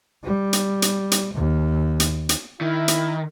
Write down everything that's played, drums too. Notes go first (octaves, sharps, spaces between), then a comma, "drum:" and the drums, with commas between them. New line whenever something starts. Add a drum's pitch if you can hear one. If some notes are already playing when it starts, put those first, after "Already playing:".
G3
drum: hi-hat
drum: hi-hat
drum: hi-hat
D#2
drum: hi-hat
drum: hi-hat
D#3 E4
drum: hi-hat